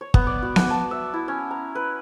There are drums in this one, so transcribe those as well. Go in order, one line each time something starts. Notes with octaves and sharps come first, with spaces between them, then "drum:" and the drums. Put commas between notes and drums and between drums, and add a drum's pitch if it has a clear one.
C#5
B3, drum: kick
D5
F#4
F#5, drum: snare B3
A5
E5
E4
C#4
A#5
B4